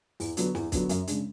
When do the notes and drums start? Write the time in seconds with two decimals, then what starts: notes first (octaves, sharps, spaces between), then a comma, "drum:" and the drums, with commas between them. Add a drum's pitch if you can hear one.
0.20 E2, drum: open hi-hat
0.37 D3 F#3 B3 D4, drum: hi-hat
0.55 E2, drum: snare
0.72 D3 F#3 B3 D4, drum: kick, hi-hat
0.89 F#2, drum: hi-hat
1.07 C#3 G#3 D4, drum: hi-hat